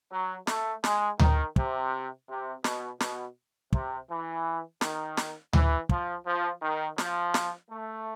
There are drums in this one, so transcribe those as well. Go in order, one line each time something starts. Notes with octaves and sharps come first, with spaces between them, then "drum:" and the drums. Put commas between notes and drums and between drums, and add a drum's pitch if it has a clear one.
F#3
A3, drum: snare
G#3, drum: snare
D#3, drum: tom D2
C3, drum: kick
C3
B2, drum: snare
B2, drum: snare
C3, drum: kick
E3
D#3, drum: snare
drum: snare
E3, drum: tom D2
F3, drum: kick
F3
D#3
F3, drum: snare
drum: snare
A3